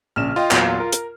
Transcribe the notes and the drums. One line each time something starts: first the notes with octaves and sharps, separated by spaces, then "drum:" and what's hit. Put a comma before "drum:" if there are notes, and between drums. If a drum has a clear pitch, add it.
A#1 C#3 F6 E7
F4 D#5 G5 C6
E2 A#2 F#3, drum: clap
A#4
drum: hi-hat